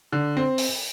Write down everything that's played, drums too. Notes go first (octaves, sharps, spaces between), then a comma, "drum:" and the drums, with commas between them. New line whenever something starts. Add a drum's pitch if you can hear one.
D3
C4
drum: open hi-hat